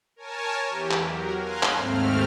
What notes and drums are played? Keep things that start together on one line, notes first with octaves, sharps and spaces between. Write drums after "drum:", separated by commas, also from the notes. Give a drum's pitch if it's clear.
A#4 C#5 G#5 A5
E2 E3 G4
drum: clap
F#3 A#4
F5 G#5 A#5 C6 F#6
drum: clap
D#2 G#2 A3 C4 F6